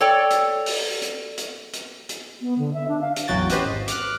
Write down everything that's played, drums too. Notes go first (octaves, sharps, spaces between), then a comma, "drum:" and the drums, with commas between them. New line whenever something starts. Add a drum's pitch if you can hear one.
A4 C#5 D5 G5
drum: hi-hat
drum: open hi-hat
drum: hi-hat
drum: hi-hat
drum: hi-hat
drum: hi-hat
B3
D3
E5
D4
F5
drum: hi-hat
A1 E2 F#3 F#4 G5 A6
C#4 F#4 G4 B4 C5 D#5, drum: hi-hat
G#1
D6 F6 F#6, drum: hi-hat